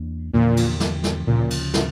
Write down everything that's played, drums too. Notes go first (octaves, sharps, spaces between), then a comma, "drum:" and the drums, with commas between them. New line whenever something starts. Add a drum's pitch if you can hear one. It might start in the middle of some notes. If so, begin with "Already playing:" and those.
Already playing: E2 A#3 D4
E2 A#2 D3 F3
drum: cymbal
drum: snare
drum: snare
D2 A#2 C#3 F3
drum: cymbal
drum: snare